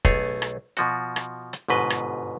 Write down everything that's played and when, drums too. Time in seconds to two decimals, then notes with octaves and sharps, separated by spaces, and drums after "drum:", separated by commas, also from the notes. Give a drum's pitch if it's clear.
0.05 B1 A3 G#4 C#5, drum: kick, hi-hat
0.42 drum: rim click
0.77 B2 F3 F#4, drum: hi-hat
1.16 drum: rim click
1.53 drum: hi-hat
1.68 G1 G#2 B2 B4 D#5
1.90 drum: rim click